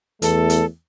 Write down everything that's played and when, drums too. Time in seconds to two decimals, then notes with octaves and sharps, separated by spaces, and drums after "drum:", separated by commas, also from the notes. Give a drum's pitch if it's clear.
0.22 E2 A3 A4, drum: hi-hat
0.50 drum: hi-hat